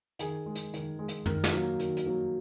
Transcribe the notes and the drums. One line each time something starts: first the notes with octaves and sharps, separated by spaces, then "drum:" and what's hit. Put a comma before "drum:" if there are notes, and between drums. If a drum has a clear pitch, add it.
D#3 G#4, drum: hi-hat
G#3
drum: hi-hat
D#3, drum: hi-hat
G#3
drum: hi-hat
D#3 A#4, drum: tom
drum: snare
F#3 A#3
D#3, drum: hi-hat
drum: hi-hat
F#3 A#3